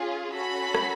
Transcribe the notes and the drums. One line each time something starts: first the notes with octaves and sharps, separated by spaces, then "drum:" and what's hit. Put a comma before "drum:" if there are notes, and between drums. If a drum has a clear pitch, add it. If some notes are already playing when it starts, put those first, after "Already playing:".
Already playing: C#4 F4 G#4
C#4 F#4 A4 B5
drum: rim click